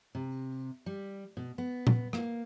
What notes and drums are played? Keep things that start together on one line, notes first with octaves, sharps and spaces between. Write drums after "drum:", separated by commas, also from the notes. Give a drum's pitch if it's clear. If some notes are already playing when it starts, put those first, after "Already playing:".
C3
G3
B2
B3
drum: tom A#2
A#3, drum: rim click